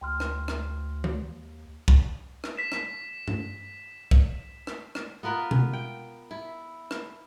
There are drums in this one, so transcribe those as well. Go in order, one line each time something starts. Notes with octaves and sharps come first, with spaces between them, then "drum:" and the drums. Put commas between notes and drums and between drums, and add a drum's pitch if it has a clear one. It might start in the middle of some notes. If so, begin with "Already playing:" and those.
D2 G5 C6 F6
drum: rim click
drum: rim click
drum: tom D#3
D#2
drum: kick
drum: rim click
B6 E7
drum: rim click
drum: tom G2
drum: kick
drum: rim click
drum: rim click
B3 F4 A#4 B4
drum: tom B2
G5
E4
drum: rim click